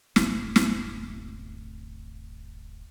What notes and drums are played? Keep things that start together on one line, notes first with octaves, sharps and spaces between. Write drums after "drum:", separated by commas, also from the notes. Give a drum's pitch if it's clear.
D1 G1 C3 A3, drum: snare
drum: snare